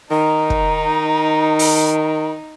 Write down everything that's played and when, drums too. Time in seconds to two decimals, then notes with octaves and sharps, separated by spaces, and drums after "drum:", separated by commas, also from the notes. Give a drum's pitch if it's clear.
0.11 D#3 D#4 A#5
0.50 drum: kick
1.59 drum: open hi-hat